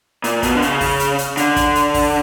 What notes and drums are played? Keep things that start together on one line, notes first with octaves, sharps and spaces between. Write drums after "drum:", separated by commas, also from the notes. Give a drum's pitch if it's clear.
A#2, drum: hi-hat
B2, drum: kick, hi-hat
D3
C#3, drum: hi-hat
drum: kick, open hi-hat
drum: hi-hat
drum: hi-hat
D3, drum: hi-hat
drum: kick, hi-hat
drum: hi-hat
drum: kick, open hi-hat